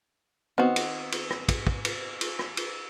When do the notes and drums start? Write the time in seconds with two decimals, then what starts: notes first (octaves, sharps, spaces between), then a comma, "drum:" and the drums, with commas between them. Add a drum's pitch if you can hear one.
0.58 D#3 B3 C4 F#4
0.76 drum: cymbal
1.12 drum: cymbal
1.30 drum: rim click
1.48 drum: kick, cymbal
1.67 drum: kick
1.85 drum: cymbal
2.21 drum: cymbal
2.39 drum: rim click
2.57 drum: cymbal